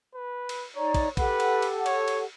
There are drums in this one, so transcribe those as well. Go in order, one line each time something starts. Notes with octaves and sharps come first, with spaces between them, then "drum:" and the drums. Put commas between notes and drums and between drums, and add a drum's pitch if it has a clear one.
B4
drum: cymbal
D#4 C#5 D5 A#5
drum: kick, cymbal
G4 A4 B4 F#5, drum: kick, cymbal
drum: cymbal
drum: cymbal
C#5, drum: cymbal
drum: cymbal